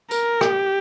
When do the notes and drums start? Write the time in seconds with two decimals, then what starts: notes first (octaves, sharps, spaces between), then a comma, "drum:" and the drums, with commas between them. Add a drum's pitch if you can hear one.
0.11 A#4, drum: tambourine
0.41 G4, drum: rim click